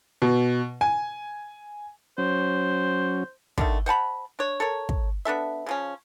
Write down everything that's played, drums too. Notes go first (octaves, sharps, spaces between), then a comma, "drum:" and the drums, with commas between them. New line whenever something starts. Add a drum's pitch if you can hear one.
B2
G#5
F#3 C#4 C5
D3 D#3 A3, drum: kick
C5 F#5 A5 B5
D4 C#5
A4 A#4 C#5
drum: kick
B3 D4 A4 E5
C#3 F3 C#4